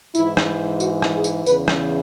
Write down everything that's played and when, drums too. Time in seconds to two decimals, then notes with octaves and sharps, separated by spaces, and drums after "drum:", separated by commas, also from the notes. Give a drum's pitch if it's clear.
0.15 G#2 E3 E4, drum: tambourine
0.37 drum: rim click
0.80 F#4, drum: tambourine
1.02 drum: rim click
1.13 G#4
1.24 drum: tambourine
1.46 E2 C#3 E3 B4, drum: tambourine
1.68 drum: rim click